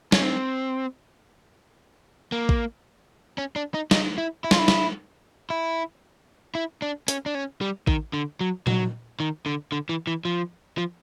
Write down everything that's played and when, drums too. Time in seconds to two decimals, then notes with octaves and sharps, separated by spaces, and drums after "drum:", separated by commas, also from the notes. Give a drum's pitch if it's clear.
0.12 C#4, drum: snare
0.22 C4
2.32 A#3
2.49 drum: kick A1
3.38 C#4
3.56 D4
3.74 D#4
3.91 D#4, drum: snare
4.18 E4
4.44 E4
4.51 F4, drum: snare
4.59 E4
4.68 drum: snare
5.50 E4
6.55 E4
6.82 D4
7.08 C#4, drum: hi-hat
7.26 D4
7.35 C#4
7.61 G3
7.87 D#3, drum: kick A1
8.13 D3
8.41 F#3
8.67 F#3, drum: tom A#2
9.20 D#3
9.46 D3
9.72 D3
9.89 E3
10.07 E3
10.25 F3
10.78 F3